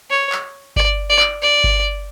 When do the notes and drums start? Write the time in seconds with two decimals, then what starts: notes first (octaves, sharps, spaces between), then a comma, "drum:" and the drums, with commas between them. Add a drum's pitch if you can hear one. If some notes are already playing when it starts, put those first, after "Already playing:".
0.10 C#5
0.32 drum: clap
0.76 D5, drum: kick G1
1.09 D5
1.20 drum: clap
1.42 D5
1.64 drum: kick G1